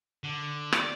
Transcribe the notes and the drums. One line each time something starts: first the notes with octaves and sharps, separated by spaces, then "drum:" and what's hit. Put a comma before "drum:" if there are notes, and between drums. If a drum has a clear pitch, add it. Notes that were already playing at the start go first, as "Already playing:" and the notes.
D3
D5, drum: rim click